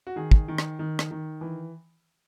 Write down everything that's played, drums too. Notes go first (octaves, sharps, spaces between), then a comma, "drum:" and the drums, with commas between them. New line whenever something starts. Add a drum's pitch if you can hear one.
F#4
D#3 G#4
drum: kick
D#3
drum: rim click
D#3
drum: rim click
D#3
E3